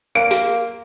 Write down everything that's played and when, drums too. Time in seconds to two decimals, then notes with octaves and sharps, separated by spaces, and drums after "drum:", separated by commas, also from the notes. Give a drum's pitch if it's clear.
0.15 A#3 D7
0.31 drum: hi-hat